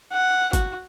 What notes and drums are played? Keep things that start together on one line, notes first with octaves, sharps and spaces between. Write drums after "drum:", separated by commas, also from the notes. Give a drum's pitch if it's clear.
F#5
F#4, drum: kick G1, hi-hat